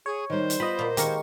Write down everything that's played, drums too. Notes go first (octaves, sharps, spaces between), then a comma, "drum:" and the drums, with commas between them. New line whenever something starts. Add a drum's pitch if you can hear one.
G#4 C#5
D#3 G3 C5
drum: hi-hat
B3 F4 D#5 F#5 G5 B5
A#2 A#3
D#3 G#3 A#3 B3 G4 A#4 C#6, drum: hi-hat